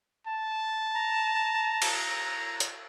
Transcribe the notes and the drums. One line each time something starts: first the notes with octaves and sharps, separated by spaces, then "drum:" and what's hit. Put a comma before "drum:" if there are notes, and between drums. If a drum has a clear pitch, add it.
A5
A#5
drum: cymbal
drum: hi-hat